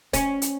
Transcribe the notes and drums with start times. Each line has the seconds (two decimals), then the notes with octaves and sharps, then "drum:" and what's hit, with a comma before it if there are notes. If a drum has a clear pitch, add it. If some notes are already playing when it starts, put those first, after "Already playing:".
0.13 C#4, drum: kick, hi-hat
0.42 drum: hi-hat